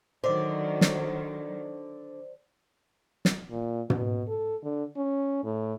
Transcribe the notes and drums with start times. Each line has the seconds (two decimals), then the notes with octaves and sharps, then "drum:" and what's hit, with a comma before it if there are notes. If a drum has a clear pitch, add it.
0.24 D3 D#3 F#3 C5 D5
0.81 drum: snare
3.25 drum: snare
3.51 A#2
3.90 B2, drum: tom
4.28 A4
4.63 D3
4.96 C#4
5.44 A2